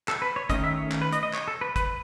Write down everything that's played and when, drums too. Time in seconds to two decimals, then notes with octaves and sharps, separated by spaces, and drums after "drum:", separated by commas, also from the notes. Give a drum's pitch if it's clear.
0.08 A4, drum: clap
0.22 B4
0.36 C#5
0.50 D#3 A3 C#4 D#5, drum: kick, hi-hat
0.64 E5
0.77 C#5
0.92 drum: clap
1.01 B4
1.13 D#5, drum: hi-hat
1.23 D#5
1.34 C#5, drum: clap
1.48 A4
1.61 B4
1.76 B4, drum: kick, hi-hat